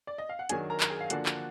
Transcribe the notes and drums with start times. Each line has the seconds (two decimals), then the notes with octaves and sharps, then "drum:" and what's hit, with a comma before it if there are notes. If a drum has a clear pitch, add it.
0.07 D5
0.18 D#5
0.29 F5
0.39 F#5
0.49 D#3 F#3 D4 G#4 G#5, drum: hi-hat
0.70 A#4 A#5
0.80 drum: clap
0.90 G#4 G#5
1.01 F5
1.10 D3 F3 A#3 D4 F#4 F#5, drum: hi-hat
1.26 drum: clap